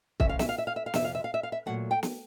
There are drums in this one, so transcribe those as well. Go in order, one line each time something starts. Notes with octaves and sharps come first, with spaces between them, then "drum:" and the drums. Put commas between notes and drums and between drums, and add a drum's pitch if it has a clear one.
C3 E3 A3 C#4 E5, drum: kick
F5
E5, drum: snare
F5
E5
F5
E5
F5
F2 C3 F3 E5, drum: snare
F5
E5
F5
E5
F5
E5
A#2 F#3 A3 F#5
G5
drum: snare